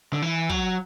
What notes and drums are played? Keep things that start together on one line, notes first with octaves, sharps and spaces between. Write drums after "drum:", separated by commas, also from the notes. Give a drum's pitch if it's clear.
D3
E3
F#3, drum: kick